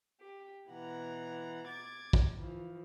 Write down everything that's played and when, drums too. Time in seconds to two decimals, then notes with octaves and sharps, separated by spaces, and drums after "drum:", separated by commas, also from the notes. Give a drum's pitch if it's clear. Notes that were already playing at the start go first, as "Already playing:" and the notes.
0.19 G4
0.69 B2 E3 F#5 A#5
1.66 D6 G#6 A6
2.13 drum: kick
2.36 E3 F3